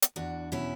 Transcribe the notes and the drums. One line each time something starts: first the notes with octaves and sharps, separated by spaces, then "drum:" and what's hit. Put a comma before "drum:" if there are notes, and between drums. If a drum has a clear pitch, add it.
drum: hi-hat
E2 D4 F#4
B2 C#4 E4